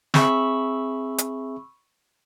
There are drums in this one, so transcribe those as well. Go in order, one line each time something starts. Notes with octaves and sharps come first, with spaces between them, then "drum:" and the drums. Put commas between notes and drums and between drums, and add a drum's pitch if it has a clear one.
C4 G#4 E5 B5 C#6 E6, drum: snare
drum: hi-hat